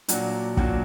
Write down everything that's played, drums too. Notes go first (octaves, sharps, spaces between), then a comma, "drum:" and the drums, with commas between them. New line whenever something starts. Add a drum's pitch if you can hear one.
A#2 F#3 D4 F#4, drum: hi-hat
A#2 F#3 D4 F#4, drum: kick